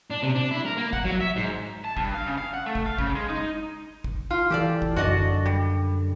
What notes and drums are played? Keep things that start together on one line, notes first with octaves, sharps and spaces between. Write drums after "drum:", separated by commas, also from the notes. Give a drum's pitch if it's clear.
D4
C3
D4
E4
A#4
A#3
F#5, drum: kick
F#3
E5
G#2
A5
G2, drum: kick
F5
C#3
F5
F#5
A3
drum: kick
F5
C#3, drum: kick
G#3
D#4
drum: kick
F4
E3 G4 A4 D5
drum: kick
F#2 D3 F#4 D5 D#5
drum: kick
G3